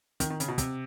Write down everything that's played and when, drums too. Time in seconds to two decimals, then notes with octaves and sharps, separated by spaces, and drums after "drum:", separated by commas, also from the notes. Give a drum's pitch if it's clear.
0.20 D#3, drum: kick, hi-hat
0.30 D#3
0.40 C#3, drum: hi-hat
0.48 B2
0.58 C3, drum: kick, hi-hat